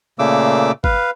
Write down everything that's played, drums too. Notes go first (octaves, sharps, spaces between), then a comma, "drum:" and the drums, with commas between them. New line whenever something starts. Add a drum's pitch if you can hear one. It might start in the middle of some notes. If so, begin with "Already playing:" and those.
A#2 C#3 A3 A#3 D6 E6
B4 F5, drum: kick